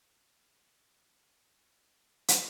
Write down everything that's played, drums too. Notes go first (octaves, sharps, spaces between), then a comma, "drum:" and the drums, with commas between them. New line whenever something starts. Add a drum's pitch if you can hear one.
C#5 F5 G5
drum: hi-hat